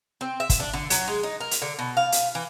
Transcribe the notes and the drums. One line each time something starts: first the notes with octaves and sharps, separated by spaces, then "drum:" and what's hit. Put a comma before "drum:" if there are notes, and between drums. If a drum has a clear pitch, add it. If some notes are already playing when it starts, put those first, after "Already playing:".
C4
E5
drum: kick, hi-hat
D4
D3
F#3, drum: hi-hat
G#3
D#4
A#4
drum: hi-hat
D3
B2
F5
drum: hi-hat
E3